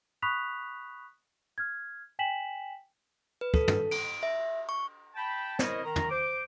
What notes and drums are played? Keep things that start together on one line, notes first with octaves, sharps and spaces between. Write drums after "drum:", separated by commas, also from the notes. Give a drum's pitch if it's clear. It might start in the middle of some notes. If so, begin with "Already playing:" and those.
B5 C#6 D#6 F#6 B6 F7
F6 G#6
G5 G#5 B6 E7 F#7
B4
A4, drum: kick
drum: tom
D7, drum: cymbal
E5
C#6
G5 A5 B5
E4 A#4 C5 C#5 D#5, drum: snare
D#3 A#5
drum: tom
C5 D6